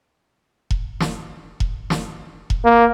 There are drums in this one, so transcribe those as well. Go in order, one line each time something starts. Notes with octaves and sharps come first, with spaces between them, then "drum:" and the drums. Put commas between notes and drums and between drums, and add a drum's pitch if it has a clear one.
drum: kick E1
drum: snare
drum: kick E1
drum: snare
drum: kick E1
A#3